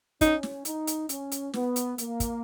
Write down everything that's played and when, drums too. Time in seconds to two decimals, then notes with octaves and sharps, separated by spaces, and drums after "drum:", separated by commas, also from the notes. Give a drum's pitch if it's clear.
0.21 C#4 D#4, drum: kick, hi-hat
0.43 drum: snare
0.65 D#4, drum: hi-hat
0.87 drum: hi-hat
1.09 C#4, drum: hi-hat
1.32 drum: hi-hat
1.54 B3, drum: snare
1.76 drum: hi-hat
1.98 A#3, drum: hi-hat
2.20 drum: kick, hi-hat